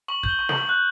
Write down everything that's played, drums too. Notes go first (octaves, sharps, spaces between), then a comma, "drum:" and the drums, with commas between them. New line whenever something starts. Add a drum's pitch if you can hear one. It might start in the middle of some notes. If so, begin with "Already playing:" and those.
C#6 F#7
G6, drum: kick
G7
C#6
C#6 F#7, drum: snare
F#6